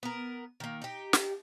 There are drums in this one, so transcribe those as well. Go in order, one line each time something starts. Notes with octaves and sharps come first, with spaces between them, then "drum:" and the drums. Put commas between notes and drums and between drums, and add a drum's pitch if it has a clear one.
B3 A#4
D#3 A#3
D#4 G4
drum: snare